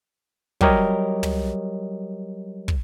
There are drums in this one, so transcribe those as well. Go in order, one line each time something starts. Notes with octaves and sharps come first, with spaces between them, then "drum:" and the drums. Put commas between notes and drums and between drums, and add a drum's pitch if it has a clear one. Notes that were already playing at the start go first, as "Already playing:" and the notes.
F#3 G3 G4 A#4 C#5 D#5, drum: kick
drum: tom
drum: kick